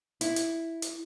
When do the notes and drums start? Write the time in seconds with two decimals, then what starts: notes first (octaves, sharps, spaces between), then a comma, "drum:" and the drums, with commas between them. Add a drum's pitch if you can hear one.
0.21 E4, drum: hi-hat
0.36 drum: hi-hat
0.82 drum: hi-hat